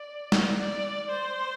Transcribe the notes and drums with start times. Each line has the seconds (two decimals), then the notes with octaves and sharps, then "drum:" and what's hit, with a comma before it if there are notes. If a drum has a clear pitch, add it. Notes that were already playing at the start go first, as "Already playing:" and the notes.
Already playing: D5
0.32 drum: snare
0.57 D5
1.10 C5